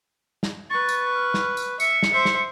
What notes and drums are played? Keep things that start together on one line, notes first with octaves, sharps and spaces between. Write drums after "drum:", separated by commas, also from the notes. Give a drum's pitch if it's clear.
drum: snare
B4 C#6 A6
drum: tambourine
F6
drum: snare
drum: tambourine
E5 C#7, drum: tambourine
drum: snare
C5 E5
drum: snare